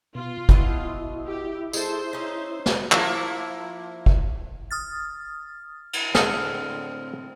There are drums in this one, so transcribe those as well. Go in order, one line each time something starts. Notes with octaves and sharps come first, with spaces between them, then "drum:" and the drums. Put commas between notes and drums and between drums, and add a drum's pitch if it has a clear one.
B2 F4
B2 E4 D#5, drum: kick
G4
G#3 A4 C5, drum: tambourine
C#4 D#4
drum: snare
F3 A#3 E4, drum: clap
drum: kick
D#6 F6 A6
drum: cymbal
A2 D3 C4 G#4 A4 D#5 F6, drum: snare